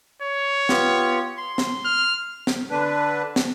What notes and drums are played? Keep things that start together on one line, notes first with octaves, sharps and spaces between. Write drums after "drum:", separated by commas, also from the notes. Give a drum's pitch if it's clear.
C#5
B3 F4 G4, drum: snare
C6
drum: snare
F6
drum: snare
D3 D4 B4
drum: snare